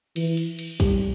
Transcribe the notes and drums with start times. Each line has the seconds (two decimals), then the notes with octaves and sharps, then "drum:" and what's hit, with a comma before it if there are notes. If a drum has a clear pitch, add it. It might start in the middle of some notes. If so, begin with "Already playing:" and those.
0.16 E3, drum: cymbal
0.37 drum: cymbal
0.59 drum: cymbal
0.80 G3, drum: kick, cymbal